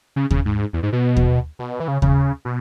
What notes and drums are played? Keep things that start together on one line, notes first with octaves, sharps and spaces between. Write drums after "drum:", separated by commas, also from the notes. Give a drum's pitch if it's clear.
C#3
C#3, drum: kick D#2
G#2
E2
G#2
B2
drum: kick D#2
B2
E3
C#3
C#3, drum: kick D#2
B2